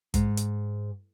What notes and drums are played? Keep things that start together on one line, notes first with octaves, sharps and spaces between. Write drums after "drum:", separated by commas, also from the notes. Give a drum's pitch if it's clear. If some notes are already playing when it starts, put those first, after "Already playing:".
G#2, drum: kick, hi-hat
drum: hi-hat